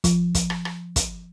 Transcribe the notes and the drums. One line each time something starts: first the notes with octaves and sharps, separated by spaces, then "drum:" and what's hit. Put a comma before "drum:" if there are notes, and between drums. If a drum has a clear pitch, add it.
F3, drum: kick, hi-hat
drum: kick, hi-hat
drum: rim click
drum: rim click
drum: kick, hi-hat